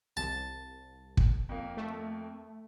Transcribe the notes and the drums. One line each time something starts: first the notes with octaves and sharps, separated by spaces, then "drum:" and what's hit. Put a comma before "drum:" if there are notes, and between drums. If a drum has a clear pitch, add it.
C2 A5
drum: kick
F2 A#3
A3